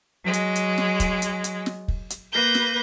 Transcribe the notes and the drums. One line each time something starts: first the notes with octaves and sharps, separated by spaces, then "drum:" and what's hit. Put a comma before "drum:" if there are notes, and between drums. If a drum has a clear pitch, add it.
F#3 G#3
drum: hi-hat
drum: hi-hat
drum: snare
drum: kick, hi-hat
drum: hi-hat
drum: hi-hat
drum: snare
drum: kick
drum: hi-hat
A#3 B4 G6 A#6
drum: snare